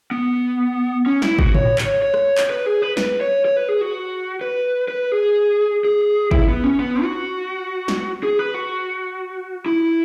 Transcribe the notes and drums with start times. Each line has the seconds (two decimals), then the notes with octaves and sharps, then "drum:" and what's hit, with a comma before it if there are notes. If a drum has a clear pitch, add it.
0.11 B3
1.06 C#4
1.22 E4, drum: snare
1.39 F#4, drum: kick
1.54 C#5, drum: tom G#2
1.78 C#5, drum: clap
2.02 C#5
2.14 drum: rim click
2.38 drum: clap
2.50 B4
2.66 G#4
2.82 B4
2.97 B4, drum: snare
3.21 C#5
3.45 C#5
3.57 B4
3.69 G#4
3.81 F#4
4.41 B4
4.88 B4
5.12 G#4
5.85 G#4
6.31 E4, drum: kick
6.48 B3
6.64 C#4
6.79 B3
7.03 F#4
7.88 drum: snare
8.23 G#4
8.39 B4
8.54 F#4
9.66 E4